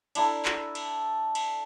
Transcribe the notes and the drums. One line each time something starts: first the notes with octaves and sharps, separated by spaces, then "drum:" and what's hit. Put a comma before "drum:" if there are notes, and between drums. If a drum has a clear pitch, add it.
D4 E4 A4 A#5, drum: cymbal
drum: clap
drum: cymbal
drum: cymbal